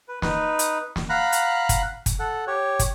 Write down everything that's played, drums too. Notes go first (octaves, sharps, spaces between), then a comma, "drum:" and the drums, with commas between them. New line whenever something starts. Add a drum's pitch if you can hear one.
B4
D#4 B4, drum: snare
drum: hi-hat
drum: snare
F5 F#5 A#5 B5 F#6
drum: hi-hat
drum: kick, hi-hat
drum: kick, hi-hat
A4 F#5
G4 C#5
drum: kick, hi-hat